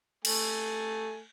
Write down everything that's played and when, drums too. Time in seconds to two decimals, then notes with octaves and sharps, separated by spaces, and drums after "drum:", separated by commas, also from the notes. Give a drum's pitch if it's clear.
0.25 A3 G#5, drum: cymbal